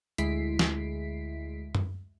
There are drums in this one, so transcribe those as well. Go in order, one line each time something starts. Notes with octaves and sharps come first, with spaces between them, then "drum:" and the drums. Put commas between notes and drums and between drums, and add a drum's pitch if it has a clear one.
D2 G#3 E4 B6 C7 D7, drum: hi-hat
drum: snare
drum: tom F#2